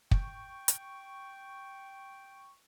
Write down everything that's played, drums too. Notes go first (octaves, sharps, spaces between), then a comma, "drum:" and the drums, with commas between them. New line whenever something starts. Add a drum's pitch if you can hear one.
G5 C#6, drum: kick
drum: hi-hat